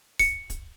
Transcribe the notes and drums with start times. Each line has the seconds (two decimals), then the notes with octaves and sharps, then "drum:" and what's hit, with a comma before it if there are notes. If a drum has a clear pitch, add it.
0.19 C#7, drum: kick, open hi-hat
0.50 drum: kick, hi-hat